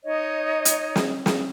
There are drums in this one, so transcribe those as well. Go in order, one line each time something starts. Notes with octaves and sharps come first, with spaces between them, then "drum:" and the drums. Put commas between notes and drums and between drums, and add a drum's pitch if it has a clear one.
D#4 C#5 D#5
drum: hi-hat
drum: snare
drum: snare